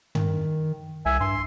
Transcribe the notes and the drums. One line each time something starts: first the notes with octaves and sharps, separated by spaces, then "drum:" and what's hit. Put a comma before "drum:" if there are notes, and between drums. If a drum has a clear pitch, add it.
D#3, drum: tom
C2 E5 G#5
G2 C6